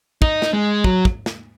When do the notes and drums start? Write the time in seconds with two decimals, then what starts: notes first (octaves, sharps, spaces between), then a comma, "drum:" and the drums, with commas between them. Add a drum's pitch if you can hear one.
0.22 D#4, drum: kick
0.42 drum: snare
0.53 G#3
0.84 F#3, drum: kick
1.05 drum: kick
1.26 drum: snare